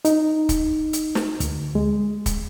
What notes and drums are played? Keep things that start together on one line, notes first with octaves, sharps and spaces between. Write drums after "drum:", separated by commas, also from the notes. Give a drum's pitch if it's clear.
D#4, drum: hi-hat
drum: kick, hi-hat
drum: hi-hat
drum: snare
D2, drum: hi-hat
G#3
drum: kick, hi-hat